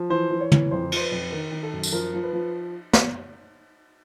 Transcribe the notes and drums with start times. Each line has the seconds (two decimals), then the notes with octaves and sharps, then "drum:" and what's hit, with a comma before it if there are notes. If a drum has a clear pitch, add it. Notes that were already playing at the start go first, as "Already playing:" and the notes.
Already playing: F3
0.10 E3 C5
0.31 E3
0.40 C#5
0.52 E3, drum: tom
0.71 F2 C5
0.92 F3 C5, drum: cymbal
1.01 B4
1.12 F2
1.32 D#3 A#4
1.52 D#3
1.63 A4
1.73 F#2
1.83 drum: tambourine
1.93 F3 A#4
2.14 F3
2.24 B4
2.33 F3
2.93 drum: snare